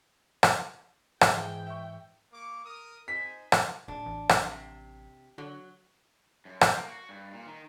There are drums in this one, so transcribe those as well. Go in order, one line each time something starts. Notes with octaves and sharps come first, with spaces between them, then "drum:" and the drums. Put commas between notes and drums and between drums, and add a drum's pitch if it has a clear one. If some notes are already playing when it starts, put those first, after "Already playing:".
drum: rim click
G#2 E3 G#4 E5 G5, drum: rim click
E5 C#6
A#3 C#6 D6
A#4 D#6
D#4 C5 G#5 B6
drum: rim click
D#1 D4
A1
drum: rim click
C3
D3 F#3
F#2
G5, drum: rim click
A#3
F#4
G2
A#2
D#3